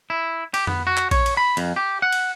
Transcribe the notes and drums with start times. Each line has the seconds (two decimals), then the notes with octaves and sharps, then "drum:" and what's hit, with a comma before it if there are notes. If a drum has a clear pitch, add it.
0.10 E4
0.54 G4, drum: cymbal
0.67 B3, drum: tom F2
0.87 F#4
0.97 drum: clap
1.11 C#5, drum: kick A#1, cymbal
1.26 drum: cymbal
1.37 B5
1.57 F2, drum: cymbal
1.76 G4
2.02 F#5
2.12 drum: cymbal